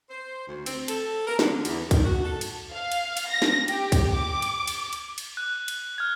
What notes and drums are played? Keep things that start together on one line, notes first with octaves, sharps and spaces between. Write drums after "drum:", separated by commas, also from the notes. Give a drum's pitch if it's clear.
C5
D2
C4, drum: cymbal
A4, drum: cymbal
A#4
D3, drum: snare
E2, drum: cymbal
D#3, drum: kick, cymbal
F#4
A4
drum: cymbal
F5
drum: cymbal
drum: cymbal
A#6
drum: snare
G4, drum: cymbal
drum: kick, cymbal
D6
drum: cymbal
drum: cymbal
drum: cymbal
drum: cymbal
F#6
drum: cymbal
F6 G#6